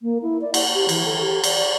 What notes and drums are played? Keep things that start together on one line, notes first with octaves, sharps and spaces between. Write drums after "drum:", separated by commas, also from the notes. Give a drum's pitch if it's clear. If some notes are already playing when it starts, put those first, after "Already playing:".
A#3
E4
D5
F#5, drum: cymbal
G4
E3, drum: cymbal
A4
G4
D5, drum: cymbal